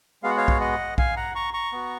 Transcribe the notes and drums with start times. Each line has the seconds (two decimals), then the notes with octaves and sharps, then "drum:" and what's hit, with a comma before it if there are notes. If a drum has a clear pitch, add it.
0.23 G#3 B3 F#4 F5
0.30 F#5
0.37 C#5 F5
0.48 drum: kick B1
0.61 D#5 F#5
0.98 F5 G#5, drum: kick B1
1.17 F#5 A#5
1.35 A#5 C#6
1.54 A#5 C#6
1.72 B3 F#4